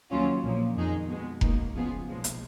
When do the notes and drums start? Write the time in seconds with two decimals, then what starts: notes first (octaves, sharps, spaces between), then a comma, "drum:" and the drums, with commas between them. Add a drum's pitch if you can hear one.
0.10 D#2 C#3 F#3 C#4 F4
0.43 A#1 A#2 F3 A#3
0.76 F2 D#3 G#3 D#4 G#4
1.08 B2 G#3 B3
1.41 C#2 B2 A#3 D#4, drum: kick F1
1.74 C#3 F3 B3 F4 G#4
2.07 B1 A#2 F3 G#3
2.24 drum: hi-hat